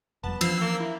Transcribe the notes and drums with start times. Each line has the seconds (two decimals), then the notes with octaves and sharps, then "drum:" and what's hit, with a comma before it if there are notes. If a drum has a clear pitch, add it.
0.24 F1 F2 G3 B3 A5
0.41 E3 F3 C#4 D4 E6 C7, drum: cymbal
0.61 A#3
0.80 E4